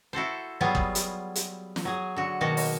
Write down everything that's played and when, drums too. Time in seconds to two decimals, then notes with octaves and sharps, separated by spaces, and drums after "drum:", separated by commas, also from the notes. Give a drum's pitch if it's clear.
0.13 E4 F#4 A4 C5
0.61 F#3 G3 B3 F4 G#4
0.75 drum: kick
0.95 drum: hi-hat
1.35 drum: hi-hat
1.76 drum: snare
1.85 F#3 G#4
2.16 D3 F#4
2.41 B2 D#3 A#3 F#4
2.57 drum: open hi-hat